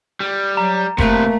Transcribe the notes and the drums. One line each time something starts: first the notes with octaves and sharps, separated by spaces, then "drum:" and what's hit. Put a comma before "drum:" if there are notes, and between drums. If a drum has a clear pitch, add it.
G3
F#3 A#5
C3 A3 A#3 B4, drum: kick F1